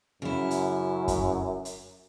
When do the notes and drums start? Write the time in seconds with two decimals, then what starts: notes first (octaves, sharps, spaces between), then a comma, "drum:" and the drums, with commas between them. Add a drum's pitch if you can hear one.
0.22 F#2 C#3 E4
0.51 drum: hi-hat
1.08 drum: kick F#2, hi-hat
1.65 drum: hi-hat